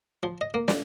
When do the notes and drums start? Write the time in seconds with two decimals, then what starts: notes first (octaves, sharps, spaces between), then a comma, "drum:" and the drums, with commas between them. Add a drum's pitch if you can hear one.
0.23 F3
0.41 D#5
0.54 A#3
0.68 D5, drum: snare